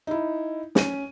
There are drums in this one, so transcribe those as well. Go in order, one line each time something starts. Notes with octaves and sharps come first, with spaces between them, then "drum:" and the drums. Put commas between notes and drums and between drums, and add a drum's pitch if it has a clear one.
D#4 E4
C#4 D#7, drum: snare